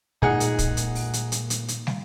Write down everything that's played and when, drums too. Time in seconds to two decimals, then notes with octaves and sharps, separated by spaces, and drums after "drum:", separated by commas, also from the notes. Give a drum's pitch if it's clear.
0.22 A#2 G#3 A#3 D#4 G#4 F#5
0.40 drum: hi-hat
0.59 drum: kick, hi-hat
0.77 drum: hi-hat
0.95 drum: open hi-hat
1.13 drum: hi-hat
1.32 drum: hi-hat
1.50 drum: hi-hat
1.68 drum: hi-hat
1.87 drum: snare